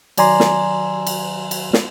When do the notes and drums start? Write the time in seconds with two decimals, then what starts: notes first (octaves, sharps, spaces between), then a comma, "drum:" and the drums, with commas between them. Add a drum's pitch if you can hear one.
0.18 D#3 F#3 D5 G#5 A#5 C6, drum: cymbal
0.40 drum: snare
1.07 drum: cymbal
1.51 drum: cymbal
1.73 drum: snare